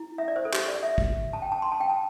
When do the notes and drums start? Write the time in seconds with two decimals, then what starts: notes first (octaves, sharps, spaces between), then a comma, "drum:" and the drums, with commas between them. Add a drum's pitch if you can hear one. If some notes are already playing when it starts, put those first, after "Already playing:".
Already playing: E4
0.18 E5
0.28 D5
0.36 C5
0.45 A4
0.54 G4, drum: clap
0.68 D5
0.83 E5
0.98 drum: kick
1.33 A5
1.42 G5
1.52 A5
1.62 C6
1.72 A5
1.80 G5
1.90 A5